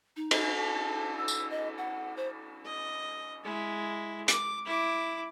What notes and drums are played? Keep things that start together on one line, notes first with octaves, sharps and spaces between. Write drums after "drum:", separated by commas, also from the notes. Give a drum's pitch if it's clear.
D#4
drum: cymbal
A5
E6
drum: tambourine
D#5
F#5
C5
D#5
G#3 E4
D6, drum: hi-hat
E4 D6